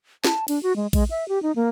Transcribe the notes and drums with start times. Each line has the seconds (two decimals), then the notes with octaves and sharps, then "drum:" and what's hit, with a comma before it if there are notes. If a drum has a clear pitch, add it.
0.24 A5, drum: snare
0.48 D4, drum: cymbal
0.63 F#4
0.76 G#3
0.93 G#3, drum: kick A#1, cymbal
1.10 E5
1.28 G4
1.43 D#4
1.56 A#3